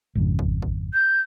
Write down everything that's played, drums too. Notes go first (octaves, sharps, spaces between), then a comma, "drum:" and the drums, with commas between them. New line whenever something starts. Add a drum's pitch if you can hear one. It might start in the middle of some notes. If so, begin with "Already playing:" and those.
G#1 F2 C#3
drum: kick
drum: kick
G6